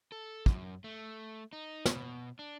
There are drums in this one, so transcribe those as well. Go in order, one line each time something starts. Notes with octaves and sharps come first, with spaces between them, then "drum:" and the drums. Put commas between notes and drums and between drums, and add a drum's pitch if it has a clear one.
A4
F#2, drum: kick
A3
D#4
B2, drum: snare
D4